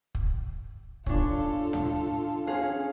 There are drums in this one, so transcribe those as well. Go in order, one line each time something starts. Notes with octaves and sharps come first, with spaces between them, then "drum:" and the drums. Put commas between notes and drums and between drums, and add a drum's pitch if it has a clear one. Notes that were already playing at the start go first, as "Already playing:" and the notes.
drum: kick
C#4 D4 F4 A4, drum: kick
drum: tom
C#4 G#4 F5